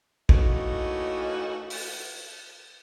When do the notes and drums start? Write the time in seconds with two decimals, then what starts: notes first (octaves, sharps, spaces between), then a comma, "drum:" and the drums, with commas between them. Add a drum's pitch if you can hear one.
0.29 E3 A3 A#3 C#4 D#4 F#4, drum: kick
1.70 drum: open hi-hat